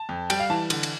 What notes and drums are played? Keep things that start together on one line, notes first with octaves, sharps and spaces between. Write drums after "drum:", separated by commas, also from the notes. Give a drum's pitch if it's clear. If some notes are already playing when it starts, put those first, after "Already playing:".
Already playing: A5
F2
G3 G5, drum: cymbal
F5
E3 A5
D3, drum: cymbal
drum: cymbal